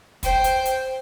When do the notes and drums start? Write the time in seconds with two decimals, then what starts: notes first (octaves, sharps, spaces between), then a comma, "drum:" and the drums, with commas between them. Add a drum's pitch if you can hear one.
0.23 C5 G5, drum: kick, hi-hat
0.44 drum: hi-hat
0.65 drum: hi-hat